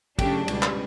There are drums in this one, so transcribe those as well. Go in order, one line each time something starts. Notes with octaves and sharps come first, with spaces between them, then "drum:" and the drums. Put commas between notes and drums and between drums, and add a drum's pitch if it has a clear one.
C#3 F#3 A3 D4 G4, drum: kick, cymbal
C#2 B2 G3, drum: cymbal
drum: clap